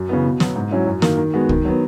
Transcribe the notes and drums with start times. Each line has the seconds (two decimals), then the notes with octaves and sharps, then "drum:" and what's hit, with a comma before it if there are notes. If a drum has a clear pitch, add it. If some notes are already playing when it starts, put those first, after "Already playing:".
Already playing: F#2
0.09 C#3 E3 B3
0.25 B2
0.40 F#3 B3, drum: snare
0.56 G#2
0.71 F#3 C#4 E4
0.87 F#2
1.02 D#3 A#3, drum: snare
1.18 D#3
1.34 G#3 B3 F#4
1.49 D#3, drum: kick
1.65 F#3 B3